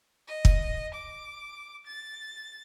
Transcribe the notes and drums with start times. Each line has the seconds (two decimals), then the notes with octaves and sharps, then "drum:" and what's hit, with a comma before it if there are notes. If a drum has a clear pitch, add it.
0.27 D#5
0.45 drum: kick
0.94 D6
1.86 A6